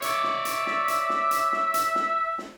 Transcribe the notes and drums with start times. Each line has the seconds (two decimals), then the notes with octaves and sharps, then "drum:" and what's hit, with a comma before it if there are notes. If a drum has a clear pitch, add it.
0.02 C#5 D5 E5, drum: hi-hat
0.24 drum: snare
0.45 drum: hi-hat
0.67 drum: snare
0.88 drum: hi-hat
1.09 drum: snare
1.31 drum: hi-hat
1.52 drum: snare
1.74 drum: hi-hat
1.95 drum: snare
2.38 drum: snare